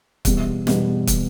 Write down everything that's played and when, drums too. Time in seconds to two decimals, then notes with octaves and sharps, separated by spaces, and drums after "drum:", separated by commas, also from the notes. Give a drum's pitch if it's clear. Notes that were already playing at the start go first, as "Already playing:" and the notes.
0.25 E2 B2 G3 B3, drum: kick, hi-hat
0.67 E2 B2 G3 B3, drum: snare
1.07 drum: kick, hi-hat